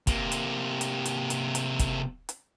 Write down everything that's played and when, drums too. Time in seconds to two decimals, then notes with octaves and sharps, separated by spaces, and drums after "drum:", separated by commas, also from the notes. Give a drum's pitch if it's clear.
0.07 C3 A#3, drum: kick, hi-hat
0.32 drum: hi-hat
0.81 drum: hi-hat
1.05 drum: hi-hat
1.30 drum: hi-hat
1.55 drum: hi-hat
1.79 drum: kick, hi-hat
2.29 drum: hi-hat